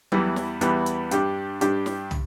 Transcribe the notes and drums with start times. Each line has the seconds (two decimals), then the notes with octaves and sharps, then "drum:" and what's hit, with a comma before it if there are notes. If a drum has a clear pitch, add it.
0.12 E2 E3 G3 B3, drum: tom F#3
0.36 drum: snare
0.61 E2 E3 G3 B3, drum: hi-hat
0.86 drum: hi-hat
1.11 G2 G3 D4 G4, drum: hi-hat
1.61 G2 G3 D4 G4, drum: hi-hat
1.86 drum: snare
2.11 drum: tom